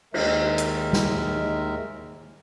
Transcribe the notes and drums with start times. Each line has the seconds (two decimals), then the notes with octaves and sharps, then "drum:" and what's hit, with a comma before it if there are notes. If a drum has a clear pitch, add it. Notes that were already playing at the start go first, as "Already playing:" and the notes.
0.14 D#2 D#3 G#3 A#4 E5, drum: cymbal
0.58 drum: hi-hat
0.93 drum: snare